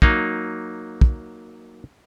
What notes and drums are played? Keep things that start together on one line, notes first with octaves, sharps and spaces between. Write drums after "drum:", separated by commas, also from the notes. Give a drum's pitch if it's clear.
F#3 A#3 D#4, drum: kick
drum: kick